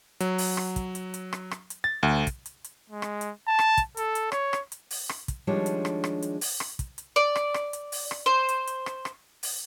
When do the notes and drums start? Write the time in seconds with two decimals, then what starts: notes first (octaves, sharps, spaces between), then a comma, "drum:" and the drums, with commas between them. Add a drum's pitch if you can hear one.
0.20 F#3, drum: hi-hat
0.38 drum: open hi-hat
0.57 drum: rim click
0.76 drum: kick, hi-hat
0.95 drum: hi-hat
1.14 drum: hi-hat
1.33 drum: rim click
1.51 drum: rim click
1.70 drum: hi-hat
1.84 A6
2.03 D2
2.27 drum: kick, hi-hat
2.46 drum: hi-hat
2.64 drum: hi-hat
2.90 G#3
3.02 drum: rim click
3.21 drum: hi-hat
3.48 A5
3.59 drum: rim click
3.77 drum: kick, hi-hat
3.97 A4, drum: hi-hat
4.15 drum: hi-hat
4.32 C#5, drum: rim click
4.53 drum: rim click
4.72 drum: hi-hat
4.91 drum: open hi-hat
5.09 drum: rim click
5.28 drum: kick, hi-hat
5.47 D#3 F3 G3 G#3 D4 C#5
5.66 drum: hi-hat
5.85 drum: rim click
6.04 drum: rim click
6.22 drum: hi-hat
6.41 drum: open hi-hat
6.60 drum: rim click
6.79 drum: kick, hi-hat
6.98 drum: hi-hat
7.16 D5
7.36 drum: rim click
7.54 drum: rim click
7.73 drum: hi-hat
7.92 drum: open hi-hat
8.11 drum: rim click
8.26 C5
8.49 drum: hi-hat
8.67 drum: hi-hat
8.86 drum: rim click
9.05 drum: rim click
9.43 drum: open hi-hat